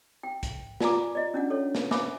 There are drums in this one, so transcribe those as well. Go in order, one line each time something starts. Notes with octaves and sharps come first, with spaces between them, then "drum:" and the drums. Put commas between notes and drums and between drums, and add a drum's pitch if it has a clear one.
G5
drum: kick, hi-hat
F4 D5 G#5 A#5 D6, drum: snare
D5 D#5
C#4 D4 F#5
A4 C#5
drum: snare
C5 E5 G#5 B5 D6, drum: snare